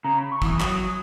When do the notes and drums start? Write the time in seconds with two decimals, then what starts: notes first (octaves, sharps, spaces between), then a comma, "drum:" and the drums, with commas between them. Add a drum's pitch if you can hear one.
0.04 C#3 A#5
0.18 B5
0.32 C#6
0.42 E3 D#6, drum: kick
0.60 F#3 D#6, drum: clap